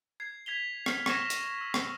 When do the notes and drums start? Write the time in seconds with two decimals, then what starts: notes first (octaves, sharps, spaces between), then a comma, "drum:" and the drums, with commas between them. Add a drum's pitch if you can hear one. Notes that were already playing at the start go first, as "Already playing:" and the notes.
0.20 G#6 C7
0.46 G#6 B6 F7 G7
0.86 F6 C7 F7, drum: rim click
1.06 C#6 F6 G#6 A#6 B6 E7, drum: rim click
1.30 drum: hi-hat
1.61 E6
1.74 drum: rim click